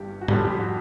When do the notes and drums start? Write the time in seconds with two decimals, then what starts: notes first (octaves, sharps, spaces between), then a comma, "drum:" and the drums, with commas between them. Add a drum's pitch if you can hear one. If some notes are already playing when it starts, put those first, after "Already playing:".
Already playing: G1 G2 G4
0.22 F#4
0.28 F2 D3 G3 G4, drum: tom G#2
0.44 G4
0.59 F#4